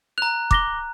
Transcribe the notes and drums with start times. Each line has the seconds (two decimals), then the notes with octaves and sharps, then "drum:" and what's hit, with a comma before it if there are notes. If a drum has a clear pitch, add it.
0.18 A#5 F#6 F7
0.51 D6 A#6 G7, drum: kick